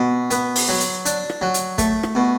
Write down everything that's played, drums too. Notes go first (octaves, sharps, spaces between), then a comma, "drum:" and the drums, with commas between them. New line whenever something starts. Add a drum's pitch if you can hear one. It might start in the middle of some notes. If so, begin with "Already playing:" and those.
Already playing: B2
B3, drum: hi-hat
drum: open hi-hat
F#3
drum: hi-hat
D4, drum: hi-hat
drum: rim click
F#3
drum: hi-hat
A3, drum: kick, hi-hat
drum: rim click
B2